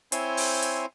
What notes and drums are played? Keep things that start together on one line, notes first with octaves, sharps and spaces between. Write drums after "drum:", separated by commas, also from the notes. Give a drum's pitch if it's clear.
C4 E4 C5 C#5 G#5 C6, drum: hi-hat
drum: open hi-hat
drum: hi-hat